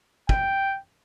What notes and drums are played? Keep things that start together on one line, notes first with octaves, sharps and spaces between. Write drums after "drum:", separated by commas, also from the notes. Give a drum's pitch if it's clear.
G5, drum: kick